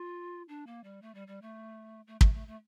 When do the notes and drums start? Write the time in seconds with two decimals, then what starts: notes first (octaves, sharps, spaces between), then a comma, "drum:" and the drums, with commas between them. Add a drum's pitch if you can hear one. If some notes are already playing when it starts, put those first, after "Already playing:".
Already playing: F4
0.49 D4
0.67 A#3
0.84 G3
1.02 A3
1.15 G3
1.28 G3
1.42 A3
2.07 A3
2.21 A3, drum: kick
2.34 A3
2.47 A3